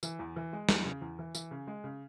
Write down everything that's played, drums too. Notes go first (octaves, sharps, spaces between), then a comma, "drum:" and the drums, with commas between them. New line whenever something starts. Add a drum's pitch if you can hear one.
E3, drum: tambourine
E2
E3
G#3
E2, drum: snare
C#3
E2
E3
E3, drum: tambourine
C#3
G#3
C#3